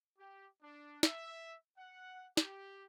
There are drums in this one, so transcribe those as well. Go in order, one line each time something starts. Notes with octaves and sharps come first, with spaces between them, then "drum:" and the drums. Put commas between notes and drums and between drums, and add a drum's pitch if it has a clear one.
G4
D4
E5, drum: snare
F#5
G4, drum: snare